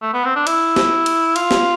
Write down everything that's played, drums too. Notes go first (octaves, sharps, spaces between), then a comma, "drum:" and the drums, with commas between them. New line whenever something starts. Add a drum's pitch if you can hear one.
A3
B3
C4
D4
E4, drum: cymbal
drum: snare
drum: cymbal
F4, drum: cymbal
drum: snare